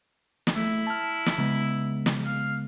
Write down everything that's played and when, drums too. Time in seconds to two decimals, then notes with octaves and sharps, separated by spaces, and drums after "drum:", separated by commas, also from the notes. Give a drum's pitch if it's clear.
0.47 drum: snare
0.56 A3 E4
0.87 A5 F6
1.26 drum: snare
1.38 C#3 G#3 B3
2.06 drum: snare
2.26 F5